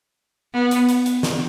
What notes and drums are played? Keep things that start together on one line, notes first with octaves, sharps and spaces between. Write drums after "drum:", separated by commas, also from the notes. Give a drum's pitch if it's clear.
B3
drum: hi-hat
drum: hi-hat
drum: hi-hat
drum: snare